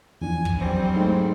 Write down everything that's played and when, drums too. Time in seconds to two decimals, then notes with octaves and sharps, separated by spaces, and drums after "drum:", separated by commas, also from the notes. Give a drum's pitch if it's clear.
0.21 E2 F3 D4 G#5
0.45 drum: kick
0.58 F#3 G3 C4
0.96 G#2 A3 C5